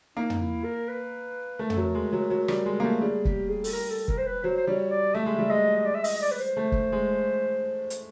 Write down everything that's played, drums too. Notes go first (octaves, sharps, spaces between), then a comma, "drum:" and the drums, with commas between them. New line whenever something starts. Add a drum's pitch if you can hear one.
A#3 D#4
drum: tom
E4
A#4
B4
A3 A#4
A4, drum: tom
F#3 A#4
G#3
F#3
F#3
G3, drum: rim click
G#3
A#3
A3
G3 G#4
G4, drum: kick
G#4
A4, drum: open hi-hat
A#4
A4
A#4, drum: kick
C5
B4
F#3 C5
C5
G3 C#5
D5
A3 E5
G#3
G3
G#3 D#5
D#5
D5
E5
D#5, drum: open hi-hat
D#5
D5
B4
C5
A3
drum: kick
G#3
drum: hi-hat